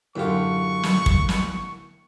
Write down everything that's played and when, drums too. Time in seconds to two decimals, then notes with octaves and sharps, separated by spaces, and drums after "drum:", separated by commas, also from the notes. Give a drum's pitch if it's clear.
0.16 F#2 A2 D3 F4 G4 C#6
0.83 drum: snare
1.06 drum: kick
1.29 drum: snare